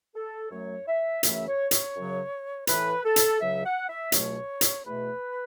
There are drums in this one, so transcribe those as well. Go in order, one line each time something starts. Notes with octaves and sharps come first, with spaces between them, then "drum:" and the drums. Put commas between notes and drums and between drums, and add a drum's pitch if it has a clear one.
A4
F#2 F#3 A3 C#5
E5
F#2 C#3 E3 A3 E5, drum: hi-hat
C#5
C#5, drum: hi-hat
F#2 C#3 F#3
A2 E3 A3 B4, drum: hi-hat
A4
drum: hi-hat
C#2 C#3 F#3 E5
F#5
E5
C#2 B2 F#3 A3 C#5, drum: hi-hat
drum: hi-hat
E2 B2 A3 B4